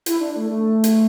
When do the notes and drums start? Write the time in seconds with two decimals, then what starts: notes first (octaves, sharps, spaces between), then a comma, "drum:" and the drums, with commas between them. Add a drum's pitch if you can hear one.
0.06 E4, drum: hi-hat
0.20 D4
0.36 A3
0.50 A3
0.84 drum: hi-hat